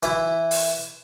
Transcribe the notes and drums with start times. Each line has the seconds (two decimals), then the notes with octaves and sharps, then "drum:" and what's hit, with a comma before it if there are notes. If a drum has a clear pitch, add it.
0.03 E3 E4, drum: hi-hat
0.51 drum: open hi-hat